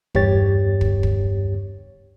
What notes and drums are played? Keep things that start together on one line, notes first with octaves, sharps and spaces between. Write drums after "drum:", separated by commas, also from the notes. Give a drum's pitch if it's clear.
E2 G2 G4 C#5 A6, drum: kick
drum: kick
drum: kick